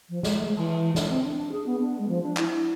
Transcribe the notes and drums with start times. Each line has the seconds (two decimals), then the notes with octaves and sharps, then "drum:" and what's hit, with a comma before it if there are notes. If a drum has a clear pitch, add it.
0.09 F3
0.23 G#3, drum: snare
0.37 A3
0.47 G#3
0.57 E3, drum: cymbal
0.95 D4, drum: snare
1.08 C4
1.23 D4
1.51 G#4
1.66 B3
1.80 D4
1.99 G#3
2.08 F3
2.22 D4
2.37 E4, drum: clap